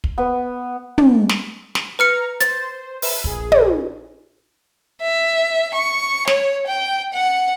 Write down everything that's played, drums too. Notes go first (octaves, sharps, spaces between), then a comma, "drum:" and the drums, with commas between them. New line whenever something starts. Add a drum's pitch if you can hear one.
drum: kick
B3
drum: tom
drum: snare
drum: snare
B4 A#5 F6 C#7
C5 A6, drum: hi-hat
B4 E5 E7, drum: open hi-hat
A#1 G#4, drum: kick
drum: tom
E5
C#6
C#5, drum: snare
G5
F#5